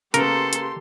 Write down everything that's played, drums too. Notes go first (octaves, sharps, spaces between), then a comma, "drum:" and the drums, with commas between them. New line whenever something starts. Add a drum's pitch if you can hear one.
C#3 A#3 B3 G4 A4 A#4 C6, drum: hi-hat
drum: hi-hat